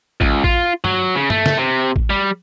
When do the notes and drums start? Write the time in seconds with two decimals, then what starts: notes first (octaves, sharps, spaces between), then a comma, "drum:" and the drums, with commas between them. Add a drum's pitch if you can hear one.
0.21 C#2, drum: kick A1
0.44 F4, drum: kick A1
0.84 F#3, drum: tom G2
1.15 C#3
1.30 A3, drum: tom G2
1.46 drum: snare
1.58 C3
1.96 drum: kick A1
2.10 G3